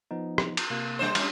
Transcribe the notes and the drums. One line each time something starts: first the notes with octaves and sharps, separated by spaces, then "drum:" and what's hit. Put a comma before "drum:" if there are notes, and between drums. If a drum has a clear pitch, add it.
F3 B3 D#4
drum: rim click
drum: cymbal
C3 A#3 F#6
G3 D4 C5
G3 C#4 F6, drum: cymbal